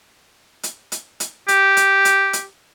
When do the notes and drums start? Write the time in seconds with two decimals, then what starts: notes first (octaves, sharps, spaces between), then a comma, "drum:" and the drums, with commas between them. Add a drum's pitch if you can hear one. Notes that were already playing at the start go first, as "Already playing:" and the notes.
0.63 drum: hi-hat
0.92 drum: hi-hat
1.20 drum: hi-hat
1.48 G4, drum: hi-hat
1.77 drum: hi-hat
2.05 drum: hi-hat
2.33 drum: hi-hat